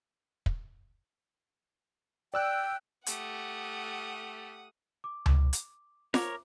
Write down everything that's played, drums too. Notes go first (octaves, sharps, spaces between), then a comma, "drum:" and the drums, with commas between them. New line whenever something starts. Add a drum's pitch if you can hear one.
drum: kick
D5 G5 E6 F#6
A3 G4 F#5 D#6, drum: hi-hat
D6
drum: tom C#2
drum: hi-hat
A#4 C#5 D6, drum: snare F4